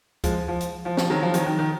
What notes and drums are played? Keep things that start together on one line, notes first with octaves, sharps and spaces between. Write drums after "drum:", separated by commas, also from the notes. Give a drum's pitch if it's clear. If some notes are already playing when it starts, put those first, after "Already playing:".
F3 G#3, drum: kick C#2, hi-hat
F3
drum: hi-hat
F3
F3, drum: snare
D#3 F#3
F3
D#3 F#3, drum: hi-hat
D#3
D#3